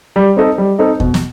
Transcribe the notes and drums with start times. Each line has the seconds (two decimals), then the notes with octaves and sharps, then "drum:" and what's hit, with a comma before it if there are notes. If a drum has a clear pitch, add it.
0.16 G3
0.37 C4 D#4 A4 D#5
0.58 G3
0.79 C4 D#4 A4 D#5
1.00 B2, drum: kick E2
1.14 drum: snare